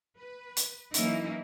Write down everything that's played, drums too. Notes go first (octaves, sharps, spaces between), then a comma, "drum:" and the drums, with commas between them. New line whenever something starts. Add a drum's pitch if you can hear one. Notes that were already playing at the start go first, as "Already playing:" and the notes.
B4
drum: hi-hat
E3 F#3 A#3 C#4 D#4 E4, drum: hi-hat